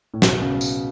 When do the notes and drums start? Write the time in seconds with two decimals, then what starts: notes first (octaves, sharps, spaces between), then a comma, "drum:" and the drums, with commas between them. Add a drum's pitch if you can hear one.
0.14 A2
0.22 B2, drum: snare
0.41 C#3
0.61 drum: tambourine